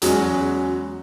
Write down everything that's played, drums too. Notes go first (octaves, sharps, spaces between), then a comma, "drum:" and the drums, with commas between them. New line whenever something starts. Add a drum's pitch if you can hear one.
E2 F#3 G#3 C#4, drum: hi-hat